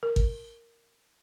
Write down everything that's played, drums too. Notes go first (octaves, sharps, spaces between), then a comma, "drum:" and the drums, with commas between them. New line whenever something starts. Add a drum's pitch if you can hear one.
A#4
drum: kick G#1